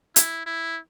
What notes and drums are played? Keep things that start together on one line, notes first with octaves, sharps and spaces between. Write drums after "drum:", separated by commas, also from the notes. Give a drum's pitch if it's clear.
E4, drum: hi-hat
E4